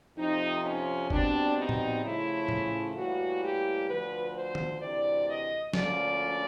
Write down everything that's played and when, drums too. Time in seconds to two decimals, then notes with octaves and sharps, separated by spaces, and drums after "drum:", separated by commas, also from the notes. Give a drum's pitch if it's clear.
0.17 F2 C3 F3 D#4
0.64 C#4
1.10 B2 G3 C4 D4, drum: kick F#1
1.57 D#4
1.69 drum: tom A2
2.02 C#3 F3 A3 C#4 E4
2.48 drum: tom A2
2.96 A2 E3 G3 A#3 F#4
3.42 G4
3.89 D2 D3 F3 B4
4.35 C5
4.55 drum: tom D#3
4.81 D2 C3 E3 D5
5.27 D#5
5.73 D2 D3 F3 A#3 C#4 D5, drum: snare